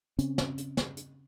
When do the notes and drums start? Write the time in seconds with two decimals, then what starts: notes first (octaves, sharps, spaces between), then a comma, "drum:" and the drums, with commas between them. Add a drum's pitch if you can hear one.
0.19 C#3 C4 C#4, drum: hi-hat
0.38 drum: snare
0.58 drum: hi-hat
0.77 drum: snare
0.97 drum: hi-hat